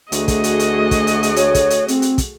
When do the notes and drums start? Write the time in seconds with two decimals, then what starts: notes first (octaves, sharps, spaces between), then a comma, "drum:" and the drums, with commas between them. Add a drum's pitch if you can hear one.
0.12 D2 A3 F#4 G#4 D#5, drum: hi-hat
0.28 drum: kick, hi-hat
0.44 drum: hi-hat
0.59 drum: hi-hat
0.91 drum: kick, hi-hat
1.07 drum: hi-hat
1.23 drum: hi-hat
1.36 C#5, drum: hi-hat
1.55 drum: kick, hi-hat
1.70 drum: hi-hat
1.88 C4, drum: hi-hat
2.02 drum: hi-hat
2.18 drum: kick, hi-hat